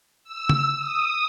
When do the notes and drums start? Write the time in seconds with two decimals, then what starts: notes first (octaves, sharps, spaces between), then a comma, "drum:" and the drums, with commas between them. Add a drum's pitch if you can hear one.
0.24 E6
0.49 drum: tom C#3
0.78 D#6